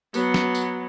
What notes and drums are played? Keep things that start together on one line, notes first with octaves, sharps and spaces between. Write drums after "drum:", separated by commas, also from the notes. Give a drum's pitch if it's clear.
F#3 B3, drum: tambourine
drum: snare
drum: tambourine